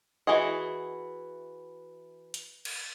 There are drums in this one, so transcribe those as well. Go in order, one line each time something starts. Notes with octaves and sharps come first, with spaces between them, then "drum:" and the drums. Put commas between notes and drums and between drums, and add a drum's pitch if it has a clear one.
E3 F#4 G#4 D#5
drum: hi-hat
drum: cymbal